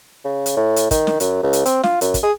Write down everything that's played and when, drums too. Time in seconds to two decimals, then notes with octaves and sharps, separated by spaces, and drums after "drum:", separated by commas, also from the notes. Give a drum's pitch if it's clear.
0.25 C#3
0.46 drum: hi-hat
0.57 A2
0.76 drum: hi-hat
0.91 D#3, drum: kick, hi-hat
1.07 drum: snare
1.20 F#2, drum: hi-hat
1.43 C#2
1.53 drum: hi-hat
1.66 C4, drum: hi-hat
1.83 F4, drum: snare
2.01 F#2, drum: hi-hat
2.14 drum: kick, hi-hat
2.23 G#4